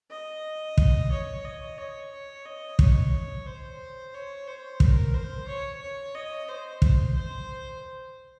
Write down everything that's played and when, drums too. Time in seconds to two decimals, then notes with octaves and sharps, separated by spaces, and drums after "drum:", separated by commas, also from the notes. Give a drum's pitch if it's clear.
0.10 D#5
0.78 drum: kick
1.11 C#5
1.45 D#5
1.78 C#5
2.45 D#5
2.79 C#5, drum: kick
3.46 C5
4.14 C#5
4.47 C5
4.80 A#4, drum: kick
5.14 C5
5.47 C#5
5.81 C#5
6.14 D#5
6.48 C5
6.82 drum: kick
7.15 C5